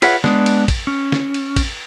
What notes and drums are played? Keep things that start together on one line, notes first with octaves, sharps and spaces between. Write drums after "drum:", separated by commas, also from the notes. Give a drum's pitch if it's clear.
F4 G#4 B4 C#5 E5 F#5, drum: cymbal
G#3 B3 D4, drum: snare
drum: cymbal
drum: kick, cymbal
C#4
drum: snare
drum: cymbal
drum: kick, cymbal